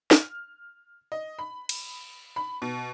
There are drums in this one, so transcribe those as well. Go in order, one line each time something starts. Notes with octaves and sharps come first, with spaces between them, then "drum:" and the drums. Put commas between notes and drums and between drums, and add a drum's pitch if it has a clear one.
F6, drum: snare
D#5
B5
drum: cymbal
B5
B2